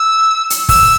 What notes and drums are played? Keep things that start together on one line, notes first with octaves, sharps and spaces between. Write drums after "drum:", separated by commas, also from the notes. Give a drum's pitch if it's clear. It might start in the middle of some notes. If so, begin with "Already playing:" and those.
Already playing: E6
drum: hi-hat
E6, drum: kick, open hi-hat